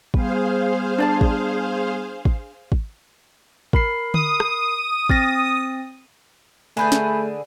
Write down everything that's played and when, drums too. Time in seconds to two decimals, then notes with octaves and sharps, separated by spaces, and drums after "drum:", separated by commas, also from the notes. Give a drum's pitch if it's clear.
0.14 G3 B3 G#4 C5 F5, drum: kick G#1
0.98 D4 D5 A5
1.21 drum: kick G#1
2.25 drum: kick G#1
2.72 drum: kick G#1
3.73 A#4 B5 C7, drum: kick G#1
4.14 D#6, drum: tom D3
4.40 drum: rim click
5.09 C4 A6 A#6, drum: kick G#1
6.77 D3 A3 G#4 B4 G#5 B5 G6
6.92 drum: snare